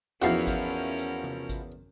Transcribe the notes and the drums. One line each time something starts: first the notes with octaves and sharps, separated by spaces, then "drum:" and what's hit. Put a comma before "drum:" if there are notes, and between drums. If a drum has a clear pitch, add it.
E2 F3 C#4 E4 F#4 A#4 F5
drum: kick G#1, hi-hat
drum: hi-hat
drum: tom C3
drum: kick G#1, hi-hat